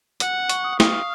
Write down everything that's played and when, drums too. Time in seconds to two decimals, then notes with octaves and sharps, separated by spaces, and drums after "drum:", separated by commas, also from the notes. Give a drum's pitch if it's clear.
0.20 F#5, drum: hi-hat
0.49 C#6, drum: hi-hat
0.64 D#6
0.80 F5 D#6, drum: snare
0.94 F6